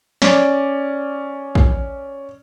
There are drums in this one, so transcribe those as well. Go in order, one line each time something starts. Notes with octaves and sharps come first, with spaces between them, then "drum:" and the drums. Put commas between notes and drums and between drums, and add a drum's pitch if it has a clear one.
C#4 D5, drum: snare
drum: kick